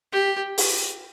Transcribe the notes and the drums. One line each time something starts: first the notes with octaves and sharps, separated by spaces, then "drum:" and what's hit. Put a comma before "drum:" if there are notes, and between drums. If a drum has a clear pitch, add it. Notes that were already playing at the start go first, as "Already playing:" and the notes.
G4
drum: open hi-hat